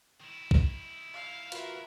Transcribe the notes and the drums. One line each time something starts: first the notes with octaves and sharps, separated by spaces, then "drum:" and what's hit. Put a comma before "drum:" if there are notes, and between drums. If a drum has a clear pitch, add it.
D#3 E4
drum: kick B1
F5
F4 F#4 A#4 B4 E5, drum: hi-hat